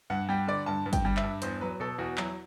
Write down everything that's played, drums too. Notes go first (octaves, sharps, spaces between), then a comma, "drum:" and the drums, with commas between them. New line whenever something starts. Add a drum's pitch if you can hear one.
G2 F#5
G3 G5
D3 D5
G2 A5
G2
G5, drum: kick, hi-hat
G3
E5, drum: clap
G2
E2 C5, drum: hi-hat
F#3 B4
B2 A4
E2 F#4
F#3 E4, drum: clap